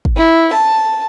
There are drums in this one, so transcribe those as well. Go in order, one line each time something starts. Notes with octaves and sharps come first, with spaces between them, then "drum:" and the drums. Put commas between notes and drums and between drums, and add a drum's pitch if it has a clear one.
drum: kick
E4
A5